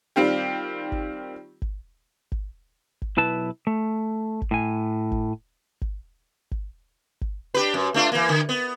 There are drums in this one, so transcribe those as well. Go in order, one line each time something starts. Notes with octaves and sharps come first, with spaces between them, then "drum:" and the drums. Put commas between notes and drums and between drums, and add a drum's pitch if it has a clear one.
D#3 G3 C4 F4 G4
drum: kick G#1
drum: kick G#1
drum: kick G#1
drum: kick G#1
B1 E4 B4 A5
A3
drum: kick G#1
A2 G#5
drum: kick G#1
drum: kick G#1
drum: kick G#1
drum: kick G#1
D4 G4 B4
F#2
A3 D4 F4
E3 A#3
D3
B3